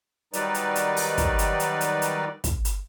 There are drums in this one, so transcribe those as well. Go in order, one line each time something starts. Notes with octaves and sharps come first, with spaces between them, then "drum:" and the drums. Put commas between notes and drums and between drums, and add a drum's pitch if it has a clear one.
D#3 F#3 G3 D#4 B4 D5, drum: hi-hat
drum: hi-hat
drum: hi-hat
drum: open hi-hat
drum: kick, hi-hat
drum: hi-hat
drum: hi-hat
drum: hi-hat
drum: hi-hat
drum: kick, hi-hat
drum: hi-hat